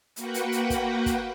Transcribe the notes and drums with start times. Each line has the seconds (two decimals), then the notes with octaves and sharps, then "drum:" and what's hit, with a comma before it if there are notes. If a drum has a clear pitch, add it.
0.16 A#3 F#4 B4 F#5 G5, drum: hi-hat
0.34 drum: hi-hat
0.52 drum: hi-hat
0.70 drum: kick, hi-hat
1.06 drum: kick, hi-hat